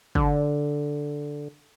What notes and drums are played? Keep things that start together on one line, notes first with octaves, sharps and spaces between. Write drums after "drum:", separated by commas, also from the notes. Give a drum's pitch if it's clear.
D3, drum: kick